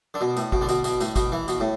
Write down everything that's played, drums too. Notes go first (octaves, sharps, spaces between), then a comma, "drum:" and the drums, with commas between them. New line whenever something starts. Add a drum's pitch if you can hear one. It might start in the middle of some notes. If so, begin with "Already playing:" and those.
D3
B2
A2, drum: tambourine
B2, drum: kick
D3
B2, drum: tambourine
B2, drum: tambourine
A2, drum: tambourine
B2, drum: kick, tambourine
E3
B2, drum: tambourine
A2